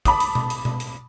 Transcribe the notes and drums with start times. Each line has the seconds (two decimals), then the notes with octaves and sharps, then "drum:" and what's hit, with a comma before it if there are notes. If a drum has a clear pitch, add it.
0.05 A5 B5 D6 D#6, drum: kick, hi-hat
0.20 drum: hi-hat
0.35 drum: tom B2
0.50 drum: hi-hat
0.65 drum: tom B2
0.80 drum: hi-hat